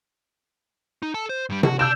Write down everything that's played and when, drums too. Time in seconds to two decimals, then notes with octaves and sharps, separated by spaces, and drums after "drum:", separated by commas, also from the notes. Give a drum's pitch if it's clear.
1.03 D#4
1.14 A4 A5
1.29 C5
1.50 G2 G3
1.63 F#4, drum: tom C3
1.79 D5 A5 E6 G6 E7